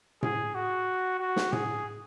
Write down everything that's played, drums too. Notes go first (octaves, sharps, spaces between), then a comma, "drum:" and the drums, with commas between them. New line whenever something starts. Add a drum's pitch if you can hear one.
G#4, drum: tom A2
F#4
F#4
drum: snare
G#4, drum: tom A2